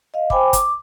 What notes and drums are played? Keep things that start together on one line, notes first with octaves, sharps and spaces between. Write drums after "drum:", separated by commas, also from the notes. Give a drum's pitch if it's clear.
D#5 F5
C5 G5 G#5 B5 D6, drum: kick
D6, drum: kick, hi-hat